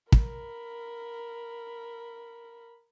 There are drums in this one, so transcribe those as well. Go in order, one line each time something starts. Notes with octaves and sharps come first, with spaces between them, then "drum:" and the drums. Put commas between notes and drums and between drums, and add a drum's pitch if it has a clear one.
A#4 B5, drum: kick